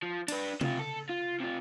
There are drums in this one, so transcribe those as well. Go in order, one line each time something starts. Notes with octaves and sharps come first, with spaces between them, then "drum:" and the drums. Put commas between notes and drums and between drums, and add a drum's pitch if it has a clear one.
F3
D4 B4, drum: cymbal
C3 F4, drum: tom C3
A4
F4
C3 F4